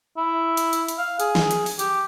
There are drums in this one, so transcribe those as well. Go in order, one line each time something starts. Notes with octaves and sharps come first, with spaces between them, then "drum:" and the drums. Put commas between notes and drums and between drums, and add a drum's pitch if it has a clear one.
E4
drum: hi-hat
drum: hi-hat
drum: hi-hat
F5
G#4, drum: hi-hat
drum: snare
drum: hi-hat
drum: open hi-hat
G4, drum: hi-hat